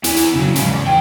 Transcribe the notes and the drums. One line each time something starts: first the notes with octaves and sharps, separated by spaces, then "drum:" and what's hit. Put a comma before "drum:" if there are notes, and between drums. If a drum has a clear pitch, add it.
E2 E3, drum: hi-hat
drum: hi-hat
C#3 F#3
G#2 C#3, drum: hi-hat
E2
G2 G5